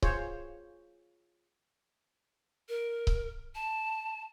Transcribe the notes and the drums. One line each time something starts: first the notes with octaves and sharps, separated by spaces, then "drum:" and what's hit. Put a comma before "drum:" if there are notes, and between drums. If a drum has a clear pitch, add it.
F4 G#4 C5 C#5, drum: kick C#1
A#4
drum: kick C#1
A5